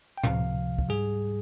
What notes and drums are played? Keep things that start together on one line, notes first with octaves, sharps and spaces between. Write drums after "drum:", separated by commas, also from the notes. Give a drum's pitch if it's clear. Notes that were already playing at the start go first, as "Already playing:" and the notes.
G5
C#2 C3 F3 F5, drum: tom A2
drum: kick
G#2 G3 G#4